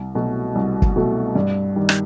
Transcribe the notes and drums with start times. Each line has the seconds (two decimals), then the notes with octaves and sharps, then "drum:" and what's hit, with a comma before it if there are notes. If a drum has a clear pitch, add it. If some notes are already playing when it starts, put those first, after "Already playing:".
Already playing: C2
0.15 B2 F#3 A3
0.55 C2
0.82 drum: kick
0.96 B2 F#3 A3
1.35 G2
1.76 D#3 G3
1.89 drum: rim click